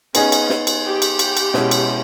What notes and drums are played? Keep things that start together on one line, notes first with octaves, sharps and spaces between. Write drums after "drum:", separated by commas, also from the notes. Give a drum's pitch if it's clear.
B3 C#4 D#4 G#4, drum: cymbal
drum: cymbal
drum: snare
drum: cymbal
G4
drum: cymbal
drum: cymbal
drum: cymbal
B2 G#3 C#4 E4, drum: snare
drum: cymbal